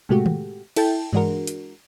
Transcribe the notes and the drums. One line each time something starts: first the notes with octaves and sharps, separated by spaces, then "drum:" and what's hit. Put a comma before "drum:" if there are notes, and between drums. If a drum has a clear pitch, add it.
A2 C3 G#3 A3 F#4 G4
drum: tom D#3
E4 A4 G5 A5, drum: cymbal
E3 G#3 D4 F#4 A#4, drum: tom G2
drum: hi-hat